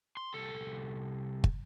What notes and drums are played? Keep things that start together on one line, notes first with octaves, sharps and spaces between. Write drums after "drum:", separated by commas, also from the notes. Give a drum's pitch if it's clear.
C6
C2 A4
drum: kick